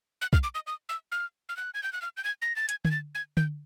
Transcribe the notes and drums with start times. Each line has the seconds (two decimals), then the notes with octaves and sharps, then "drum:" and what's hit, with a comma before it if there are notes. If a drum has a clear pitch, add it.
0.21 F#6
0.33 F6, drum: kick
0.43 D6
0.55 D#6
0.67 D#6
0.89 E6
1.12 F6
1.49 F6
1.57 F#6
1.74 G#6
1.83 G6
1.93 F#6
2.02 F6
2.17 G6
2.24 G#6
2.42 A#6
2.56 A6
2.69 G#6, drum: hi-hat
2.85 G#6, drum: tom D3
2.91 A6
3.15 G#6
3.37 G6, drum: tom D3